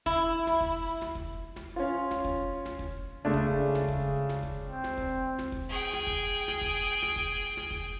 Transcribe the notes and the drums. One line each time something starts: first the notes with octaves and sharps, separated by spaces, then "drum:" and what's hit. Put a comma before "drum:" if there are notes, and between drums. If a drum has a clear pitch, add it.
E4, drum: kick
drum: snare
drum: kick
drum: snare
drum: kick
drum: snare
C#4 F4
drum: snare
drum: kick
drum: snare
drum: kick
C#3 G#3 A3 D4
drum: kick
drum: snare
drum: kick
drum: snare
drum: kick
C4
drum: snare
drum: kick
drum: snare
drum: kick
G#4 G5
drum: snare
drum: kick
drum: snare
drum: kick
drum: snare
drum: kick
drum: snare
drum: kick